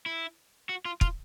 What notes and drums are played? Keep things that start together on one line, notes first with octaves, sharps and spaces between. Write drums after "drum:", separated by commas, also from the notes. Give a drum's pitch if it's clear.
E4
F#4
F4
F4, drum: kick